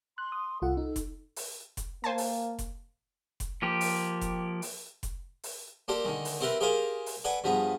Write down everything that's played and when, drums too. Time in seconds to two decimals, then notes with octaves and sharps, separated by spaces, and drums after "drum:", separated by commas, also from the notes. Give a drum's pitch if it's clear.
0.18 C6 F#6
0.32 D#6
0.62 C2 F4 A4 F#5
0.77 D#4
0.96 drum: kick F1, hi-hat
1.36 drum: open hi-hat
1.77 drum: kick F1, hi-hat
2.04 A#3 C5 G#5 A5
2.18 drum: open hi-hat
2.59 drum: kick F1, hi-hat
3.40 drum: kick F1, hi-hat
3.62 F3 A#3 G4
3.81 drum: open hi-hat
4.21 drum: kick F1, hi-hat
4.62 drum: open hi-hat
5.03 drum: kick F1, hi-hat
5.43 drum: open hi-hat
5.88 A#3 D4 G4 A4 C5
6.05 D3 D#3 G#3
6.25 drum: open hi-hat
6.40 C4 E4 G4 A#4 B4
6.60 G4 G#4 A#4 C5 F5 G#5
7.06 drum: open hi-hat
7.24 A4 B4 D5 F#5 G#5
7.44 G2 F3 B3 G#4